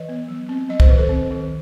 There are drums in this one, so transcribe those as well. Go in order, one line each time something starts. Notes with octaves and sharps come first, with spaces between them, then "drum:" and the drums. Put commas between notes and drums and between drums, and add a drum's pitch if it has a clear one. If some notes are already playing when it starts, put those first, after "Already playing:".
Already playing: E3 B4 D#5
B3
F#3
C4
F#3 D#5
C5, drum: kick C2
D#3 B4
A4 C5
C4
D#3